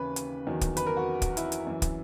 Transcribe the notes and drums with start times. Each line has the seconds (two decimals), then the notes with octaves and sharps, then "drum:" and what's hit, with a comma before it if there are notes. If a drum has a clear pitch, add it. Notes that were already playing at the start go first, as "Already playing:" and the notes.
Already playing: D#2 C#3 E3 B4
0.16 drum: hi-hat
0.47 E2 D#3 F#3
0.61 drum: kick, hi-hat
0.77 B4, drum: hi-hat
0.87 A#4
0.97 F#4
1.22 drum: kick, hi-hat
1.37 E4, drum: hi-hat
1.52 drum: hi-hat
1.67 F#2 E3
1.82 drum: kick, hi-hat